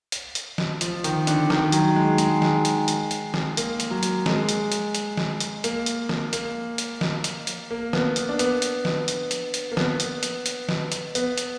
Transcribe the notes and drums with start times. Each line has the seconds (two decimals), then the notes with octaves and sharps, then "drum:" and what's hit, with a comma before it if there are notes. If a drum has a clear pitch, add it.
0.12 drum: hi-hat
0.35 drum: hi-hat
0.58 drum: snare
0.81 F3, drum: hi-hat
1.04 D#3, drum: hi-hat
1.27 D3, drum: hi-hat
1.50 D#3, drum: snare
1.72 F#3, drum: hi-hat
1.96 G#3
2.18 G#3, drum: hi-hat
2.42 drum: snare
2.65 drum: hi-hat
2.88 drum: hi-hat
3.11 drum: hi-hat
3.34 drum: snare
3.57 A#3, drum: hi-hat
3.80 drum: hi-hat
3.91 F#3
4.03 drum: hi-hat
4.26 G#3, drum: snare
4.49 drum: hi-hat
4.72 drum: hi-hat
4.95 drum: hi-hat
5.17 drum: snare
5.40 drum: hi-hat
5.64 A#3, drum: hi-hat
5.86 drum: hi-hat
6.09 drum: snare
6.33 A#3, drum: hi-hat
6.78 drum: hi-hat
7.01 drum: snare
7.24 drum: hi-hat
7.47 drum: hi-hat
7.71 A#3
7.93 B3, drum: snare
8.16 drum: hi-hat
8.29 D4
8.39 B3, drum: hi-hat
8.62 drum: hi-hat
8.85 drum: snare
9.08 drum: hi-hat
9.31 drum: hi-hat
9.54 drum: hi-hat
9.72 A#3
9.77 B3, drum: snare
10.00 drum: hi-hat
10.23 drum: hi-hat
10.46 drum: hi-hat
10.69 drum: snare
10.92 drum: hi-hat
11.15 B3, drum: hi-hat
11.38 drum: hi-hat